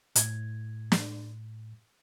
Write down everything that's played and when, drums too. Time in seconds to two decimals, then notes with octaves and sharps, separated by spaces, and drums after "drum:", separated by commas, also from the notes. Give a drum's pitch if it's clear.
0.15 A2 G#6, drum: hi-hat
0.92 drum: snare